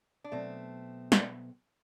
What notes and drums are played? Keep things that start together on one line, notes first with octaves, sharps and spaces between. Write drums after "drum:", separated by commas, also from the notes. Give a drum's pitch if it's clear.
D4
B2 F#3 A3 B3 C4
drum: snare